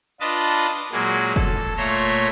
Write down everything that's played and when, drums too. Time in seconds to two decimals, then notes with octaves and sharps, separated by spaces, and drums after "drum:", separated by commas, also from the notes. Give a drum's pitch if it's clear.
0.20 D4 F4 B4 D#5 A5, drum: cymbal
0.50 drum: cymbal
0.92 A#2 F#3 G#3 A#3
1.36 A4, drum: kick
1.77 A#2 A3 C#5 E5 A#5 C6